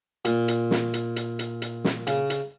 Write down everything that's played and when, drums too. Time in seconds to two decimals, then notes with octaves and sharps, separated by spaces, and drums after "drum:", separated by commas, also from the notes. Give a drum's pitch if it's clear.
0.25 A#2, drum: hi-hat
0.48 drum: hi-hat
0.71 drum: snare
0.94 drum: hi-hat
1.16 drum: hi-hat
1.39 drum: hi-hat
1.62 drum: hi-hat
1.84 drum: snare
2.07 C#3, drum: hi-hat
2.30 drum: hi-hat